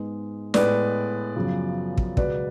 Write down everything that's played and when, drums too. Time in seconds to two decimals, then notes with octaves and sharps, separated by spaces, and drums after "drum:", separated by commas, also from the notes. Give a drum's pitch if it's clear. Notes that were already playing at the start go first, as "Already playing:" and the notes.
Already playing: G#2 G#3 B3
0.54 A2 G#3 B3 B4 D5, drum: snare
1.35 F#2 C#3 F3 B3
1.98 drum: kick
2.17 C#2 B2 F#3 B3 B4 D5, drum: kick